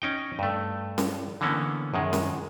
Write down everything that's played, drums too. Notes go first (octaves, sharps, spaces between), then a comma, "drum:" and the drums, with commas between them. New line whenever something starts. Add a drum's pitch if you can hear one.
C#4 D#4 G5
G2 A3
drum: snare C#4
D3 E3 A#3 B3 C#4
F#2 D#3 G#3
drum: snare C#4